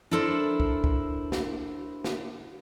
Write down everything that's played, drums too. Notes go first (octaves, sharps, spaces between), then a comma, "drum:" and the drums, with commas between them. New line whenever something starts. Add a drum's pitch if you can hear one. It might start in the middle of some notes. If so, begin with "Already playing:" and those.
D4 E4 A4 A#4 C5
drum: kick
drum: kick
drum: snare
drum: snare